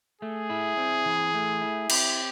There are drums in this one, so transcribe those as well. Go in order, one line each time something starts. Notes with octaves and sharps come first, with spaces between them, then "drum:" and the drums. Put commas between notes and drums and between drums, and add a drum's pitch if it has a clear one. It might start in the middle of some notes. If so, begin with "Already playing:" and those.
A3 G#4
E4
C4
E3
A3
E4
C4 G4, drum: cymbal